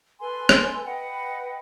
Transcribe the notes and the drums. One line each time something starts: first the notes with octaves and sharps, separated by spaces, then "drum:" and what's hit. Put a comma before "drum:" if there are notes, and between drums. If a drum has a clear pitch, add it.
A4 B4 G#5 C6
drum: rim click
B4 D#5 F#5 G5